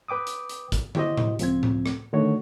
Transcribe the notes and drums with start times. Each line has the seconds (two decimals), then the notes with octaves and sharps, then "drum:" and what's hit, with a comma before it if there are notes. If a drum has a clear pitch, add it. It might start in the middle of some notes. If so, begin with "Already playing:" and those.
0.08 B4 G5 D6 D#6
0.27 drum: hi-hat
0.49 drum: hi-hat
0.72 drum: kick, hi-hat
0.95 E4 F#4 G4 C5 D#5, drum: tom
1.18 drum: tom A2
1.39 C#2 F3 C4 G#6, drum: hi-hat
1.63 drum: tom A2
1.86 drum: rim click
2.13 D3 D#3 A3 F#4 C#5